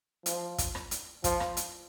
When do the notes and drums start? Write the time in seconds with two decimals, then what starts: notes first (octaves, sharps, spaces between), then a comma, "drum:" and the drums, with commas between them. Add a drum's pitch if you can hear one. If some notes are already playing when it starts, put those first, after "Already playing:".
0.26 F3, drum: hi-hat
0.58 drum: kick, hi-hat
0.75 drum: rim click
0.91 drum: hi-hat
1.24 F3, drum: kick, hi-hat
1.40 drum: rim click
1.57 drum: hi-hat